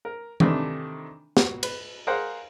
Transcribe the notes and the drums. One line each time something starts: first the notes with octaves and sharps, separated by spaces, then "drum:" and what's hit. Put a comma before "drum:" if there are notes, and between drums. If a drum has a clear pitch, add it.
A#4
C3 D#3 E3 A3 D4, drum: tom E3
F#4, drum: snare
B4, drum: cymbal
G#4 A#4 C5 F5 F#5